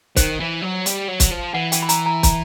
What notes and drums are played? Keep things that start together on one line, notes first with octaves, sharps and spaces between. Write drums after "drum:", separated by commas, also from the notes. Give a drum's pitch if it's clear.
D#3 C5, drum: kick, hi-hat
E3
F#3
G3, drum: hi-hat
F#3
drum: kick, hi-hat
F3
E3 F#5
G5, drum: hi-hat
B5
A#5, drum: hi-hat
A#5
A#5, drum: kick, hi-hat